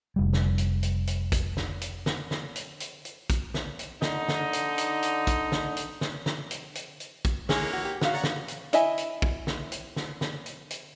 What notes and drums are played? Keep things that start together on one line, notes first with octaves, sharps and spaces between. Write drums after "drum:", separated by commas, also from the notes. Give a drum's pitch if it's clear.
F1 G3
drum: snare
drum: hi-hat
drum: hi-hat
drum: hi-hat
drum: kick, hi-hat
drum: snare
drum: hi-hat
drum: snare
drum: snare
drum: hi-hat
drum: hi-hat
drum: hi-hat
drum: kick, hi-hat
drum: snare
drum: hi-hat
D3 D#4, drum: snare
drum: snare
drum: hi-hat
drum: hi-hat
drum: hi-hat
drum: kick, hi-hat
drum: snare
drum: hi-hat
drum: snare
drum: snare
drum: hi-hat
drum: hi-hat
drum: hi-hat
drum: kick, hi-hat
D#3 E3 G#3 A#3 G#4 C#5, drum: snare
F#4
G4
F#4 F5, drum: snare
C#5 D5 F#5 A#5
drum: snare
drum: hi-hat
E4 D#5 E5 G#5, drum: hi-hat
drum: hi-hat
drum: kick
drum: snare
drum: hi-hat
drum: snare
drum: snare
drum: hi-hat
drum: hi-hat